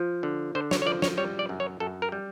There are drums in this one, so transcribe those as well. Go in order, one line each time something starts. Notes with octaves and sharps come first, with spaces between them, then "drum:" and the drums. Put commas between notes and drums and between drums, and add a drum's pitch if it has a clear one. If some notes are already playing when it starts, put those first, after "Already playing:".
Already playing: F3
D3
D3 C5
C#5, drum: snare
C#5
F3 D5
C#5, drum: snare
G3 C#5
D5
F#2
C#5
F#2 A4
A#4
G3